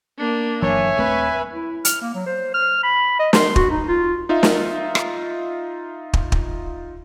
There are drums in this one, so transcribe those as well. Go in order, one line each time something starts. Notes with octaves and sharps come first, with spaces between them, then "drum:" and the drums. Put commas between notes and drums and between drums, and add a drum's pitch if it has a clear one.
A#3 D4
G1 E3 F#3 C#5 E5 G#5
D#1 A3 C4 B4
E4
F6, drum: hi-hat
A#3
F#3
C5
F6
B5
D#5
C6, drum: snare
F#4, drum: kick
D#4
F4
D#4 F4 E5
drum: snare
drum: rim click
drum: kick
drum: kick